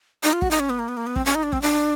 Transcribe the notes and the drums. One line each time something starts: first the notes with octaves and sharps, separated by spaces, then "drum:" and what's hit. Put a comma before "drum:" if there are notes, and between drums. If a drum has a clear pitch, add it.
D#4
F4
F#4, drum: kick
D#4
C#4
B3
A#3
B3
A#3
B3
C4, drum: kick
C#4
D#4
D4
C4, drum: kick
D4